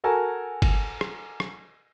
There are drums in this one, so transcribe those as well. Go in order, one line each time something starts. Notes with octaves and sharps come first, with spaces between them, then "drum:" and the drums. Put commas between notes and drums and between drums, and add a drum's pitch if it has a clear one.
F#4 A4 A#4 G#5 A5
drum: kick G1, cymbal
drum: rim click
drum: rim click